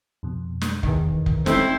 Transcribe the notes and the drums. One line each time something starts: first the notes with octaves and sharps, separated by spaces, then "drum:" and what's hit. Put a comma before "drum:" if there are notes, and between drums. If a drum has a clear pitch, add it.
F2 B2
drum: snare
E2 D#3, drum: kick F1
drum: kick F1
G3 A3 C4 C#4 D#4 E4 A4 C5, drum: snare